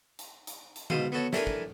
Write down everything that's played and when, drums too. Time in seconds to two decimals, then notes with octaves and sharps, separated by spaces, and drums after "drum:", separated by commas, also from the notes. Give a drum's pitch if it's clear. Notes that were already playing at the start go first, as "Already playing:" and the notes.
0.19 drum: hi-hat
0.47 drum: hi-hat
0.76 drum: hi-hat
0.90 G#2 B2 C5 F5 D#6, drum: tom D3
1.12 B3 F#4 A4 C#5
1.33 E3 A3 D4 A#4 G#5, drum: snare
1.47 drum: kick